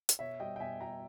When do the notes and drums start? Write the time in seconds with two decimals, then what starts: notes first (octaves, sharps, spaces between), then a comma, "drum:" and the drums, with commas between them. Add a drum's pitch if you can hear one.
0.09 drum: hi-hat
0.19 B2 C#5 E5
0.40 G3 D#5 G5
0.56 G5
0.60 B2 E5 G#5
0.80 G3 G5 A#5